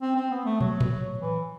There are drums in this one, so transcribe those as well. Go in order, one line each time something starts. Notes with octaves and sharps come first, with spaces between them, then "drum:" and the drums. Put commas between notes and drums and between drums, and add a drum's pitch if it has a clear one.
C4
C4
B3
A3
F#3, drum: tom
drum: tom A2
E3